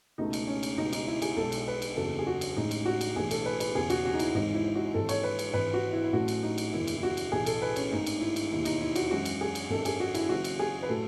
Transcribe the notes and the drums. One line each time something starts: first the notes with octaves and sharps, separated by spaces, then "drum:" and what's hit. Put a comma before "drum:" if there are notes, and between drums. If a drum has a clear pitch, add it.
C#2 B2 A3 D#4
drum: cymbal
C#4
drum: cymbal
C#2 B2 G#3 D#4
D#4, drum: cymbal
E4
G#4, drum: cymbal
B1 B2 G#3 A4
drum: cymbal
B4
drum: cymbal
F#1 E2 C#3 F#3 A4
G#4
F#4
drum: cymbal
A1 A2 G#3 D#4
drum: cymbal
F#4
drum: cymbal
B1 A2 E3 G#4
A4, drum: cymbal
B4
B4, drum: cymbal
E1 E2 C#3 G#4
F#4, drum: cymbal
F#4
D#4
E4, drum: cymbal
G#1 G#2 E3 G#3 D#4
E4
F#4
G#1 G#2 E3 A4
C#5, drum: cymbal
B4
drum: cymbal
G#1 G#2 E3 B4
F#4
E4
E4
A1 A2 F#3 A3 F#4
drum: cymbal
D#4
drum: cymbal
F#1 E2 D#3 E4
drum: cymbal
E4
F#4
drum: cymbal
B1 A2 E3 A3 G#4
A4, drum: cymbal
B4
C#4, drum: cymbal
G#1 G#2 D#3 A3 D#4
drum: cymbal
E4
drum: cymbal
E1 D#2 D#3 E4
D#4, drum: cymbal
E4
F#4, drum: cymbal
F#2 E3 G#3 F#4
drum: cymbal
G#4
drum: cymbal
G#1 F#2 D#3 A4
G#4, drum: cymbal
F#4
E4, drum: cymbal
F#1 F#2 D#3 F#4
drum: cymbal
G#4
B4
A2 F#3 A3 A4